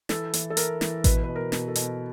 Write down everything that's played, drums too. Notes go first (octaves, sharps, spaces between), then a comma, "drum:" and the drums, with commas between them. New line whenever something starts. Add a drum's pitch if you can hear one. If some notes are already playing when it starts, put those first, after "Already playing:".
E3 A4, drum: snare
E3, drum: hi-hat
A4
E3 A#4, drum: hi-hat
E3, drum: snare
B2 B4, drum: kick A1, hi-hat
B2 B4
A#4
B2, drum: snare
A4
B2, drum: hi-hat